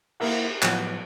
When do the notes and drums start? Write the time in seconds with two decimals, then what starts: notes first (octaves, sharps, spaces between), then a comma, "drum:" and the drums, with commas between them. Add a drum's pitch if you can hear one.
0.20 A#3 E4 A#4 E5 F#5, drum: cymbal
0.62 A2 F3 F#3 B3, drum: clap